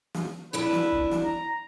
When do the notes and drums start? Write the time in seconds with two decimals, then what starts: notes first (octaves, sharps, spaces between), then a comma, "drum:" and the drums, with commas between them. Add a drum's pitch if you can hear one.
0.14 drum: snare
0.53 F2 D4 E4 B4
0.73 drum: snare
0.92 drum: kick
1.11 drum: snare
1.24 A#5